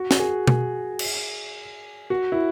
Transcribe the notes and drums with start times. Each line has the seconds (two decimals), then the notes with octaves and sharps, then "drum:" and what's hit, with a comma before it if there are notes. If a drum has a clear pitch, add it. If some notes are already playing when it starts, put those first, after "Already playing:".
Already playing: F#4
0.11 F#4, drum: snare
0.19 G#4
0.47 G#4, drum: tom B2
0.99 drum: cymbal
2.10 F#4
2.32 E4